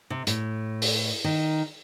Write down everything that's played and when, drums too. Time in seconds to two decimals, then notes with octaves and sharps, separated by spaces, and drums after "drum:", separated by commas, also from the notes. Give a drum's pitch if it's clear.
0.10 C3
0.27 A2, drum: hi-hat
0.82 drum: open hi-hat
1.24 D#3